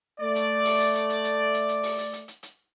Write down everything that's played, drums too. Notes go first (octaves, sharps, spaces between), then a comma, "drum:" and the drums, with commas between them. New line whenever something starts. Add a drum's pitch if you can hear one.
A3 D5
drum: hi-hat
drum: open hi-hat
drum: hi-hat
drum: hi-hat
drum: hi-hat
drum: hi-hat
drum: hi-hat
drum: hi-hat
drum: open hi-hat
drum: hi-hat
drum: hi-hat
drum: hi-hat
drum: hi-hat